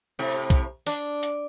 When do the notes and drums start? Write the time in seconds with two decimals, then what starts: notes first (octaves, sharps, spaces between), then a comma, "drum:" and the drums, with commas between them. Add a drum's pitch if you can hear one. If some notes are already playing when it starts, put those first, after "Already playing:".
0.19 A2 C3
0.50 drum: kick B1, hi-hat
0.87 D4, drum: open hi-hat
1.23 drum: hi-hat